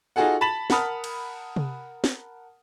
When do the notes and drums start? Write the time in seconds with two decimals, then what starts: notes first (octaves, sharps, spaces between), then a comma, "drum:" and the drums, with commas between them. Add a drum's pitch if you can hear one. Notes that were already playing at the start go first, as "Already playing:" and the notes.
0.16 D#4 F4 F#4 G#4 A4 F#5
0.41 A5 B5 A6 B6 E7 F#7
0.70 A#4 F#5 A5 B5 D#6 F6, drum: snare
1.04 drum: cymbal
1.56 drum: tom C3
2.04 drum: snare